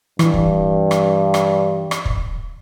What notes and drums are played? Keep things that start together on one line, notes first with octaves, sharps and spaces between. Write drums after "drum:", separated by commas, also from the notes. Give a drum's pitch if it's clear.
G2 E3, drum: rim click
drum: kick
drum: rim click
drum: rim click
drum: rim click
drum: kick